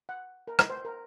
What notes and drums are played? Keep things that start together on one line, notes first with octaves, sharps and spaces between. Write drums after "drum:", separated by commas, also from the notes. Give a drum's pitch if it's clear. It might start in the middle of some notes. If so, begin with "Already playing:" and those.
F#5
A#4
B4, drum: rim click
C5
A#4